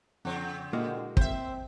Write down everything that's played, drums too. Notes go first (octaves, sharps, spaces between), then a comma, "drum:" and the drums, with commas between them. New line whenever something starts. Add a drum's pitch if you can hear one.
F2 C#3 C4
A#2 D3 G#3 A#3 E4 F#4 F6
C4 C5 E5, drum: kick